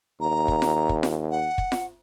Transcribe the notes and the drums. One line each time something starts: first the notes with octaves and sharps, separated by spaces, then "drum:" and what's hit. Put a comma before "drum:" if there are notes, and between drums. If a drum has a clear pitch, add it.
D#2 A#5
drum: kick
drum: snare F4
drum: kick
drum: snare F4
F#5
drum: kick
drum: snare F4